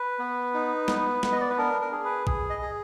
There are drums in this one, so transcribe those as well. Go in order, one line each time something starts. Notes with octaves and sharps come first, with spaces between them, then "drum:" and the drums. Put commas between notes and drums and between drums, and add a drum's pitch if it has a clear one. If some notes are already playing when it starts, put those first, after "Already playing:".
Already playing: B4
B3
D#4
B3, drum: snare
B3, drum: snare
D#5
D5
B4
D4 A#4
A#4
G#4
B4
G#4, drum: kick A#1
D#5
G#4